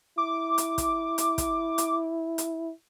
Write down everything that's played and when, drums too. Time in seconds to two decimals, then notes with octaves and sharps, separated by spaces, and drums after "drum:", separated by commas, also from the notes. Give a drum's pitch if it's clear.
0.18 E4 D6
0.58 drum: hi-hat
0.78 drum: kick, hi-hat
1.18 drum: hi-hat
1.38 drum: kick, hi-hat
1.78 drum: hi-hat
2.38 drum: hi-hat